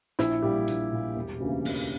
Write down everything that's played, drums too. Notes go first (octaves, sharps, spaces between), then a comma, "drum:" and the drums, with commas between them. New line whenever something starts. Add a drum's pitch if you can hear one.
A#1 E4, drum: snare
A#2 G3 A#3 G4
A#1, drum: hi-hat
A#2 A#3
E1
D2 C#3 E3 A#3
E1, drum: open hi-hat